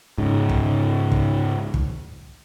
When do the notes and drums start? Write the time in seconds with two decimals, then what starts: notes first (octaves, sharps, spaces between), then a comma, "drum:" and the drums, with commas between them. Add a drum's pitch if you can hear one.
0.18 G#2 C#3
0.49 drum: kick
1.12 drum: kick
1.74 drum: kick